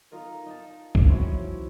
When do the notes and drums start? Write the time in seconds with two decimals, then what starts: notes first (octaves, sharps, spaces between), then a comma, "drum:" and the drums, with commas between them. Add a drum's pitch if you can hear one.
0.11 D#4 F4 A#4
0.46 D#4 A5
0.95 drum: kick C2
1.08 E3 F#3 C4 C#4 E4 F#4